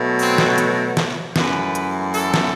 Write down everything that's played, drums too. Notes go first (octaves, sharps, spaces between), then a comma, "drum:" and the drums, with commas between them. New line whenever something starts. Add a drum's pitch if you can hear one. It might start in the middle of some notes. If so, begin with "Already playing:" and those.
Already playing: B2 F#3 A3
C4, drum: open hi-hat
drum: snare
drum: hi-hat
drum: snare
F#2 E3 A3 B4, drum: snare
drum: hi-hat
A4, drum: open hi-hat
drum: snare